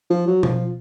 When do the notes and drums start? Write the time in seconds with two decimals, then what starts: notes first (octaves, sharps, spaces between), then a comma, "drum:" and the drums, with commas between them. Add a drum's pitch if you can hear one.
0.10 F3
0.27 F#3
0.43 F3, drum: tom B2